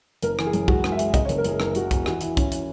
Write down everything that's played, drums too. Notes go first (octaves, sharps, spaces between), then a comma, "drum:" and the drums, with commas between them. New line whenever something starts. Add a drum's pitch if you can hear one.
F#1 A#4, drum: hi-hat
E3, drum: rim click
G#4
F#2, drum: hi-hat
G#3 F#4, drum: kick
G#3, drum: rim click
E5
G#3, drum: hi-hat
C#3 D#5, drum: kick, hi-hat
C#5
F#1, drum: hi-hat
A#4
F#1 G#4, drum: hi-hat
F#1 A#4, drum: rim click
F#1 F#4, drum: hi-hat
E2, drum: kick, hi-hat
E3 F#4, drum: rim click
E3 E4, drum: hi-hat
C#4 E4, drum: kick, hi-hat
drum: hi-hat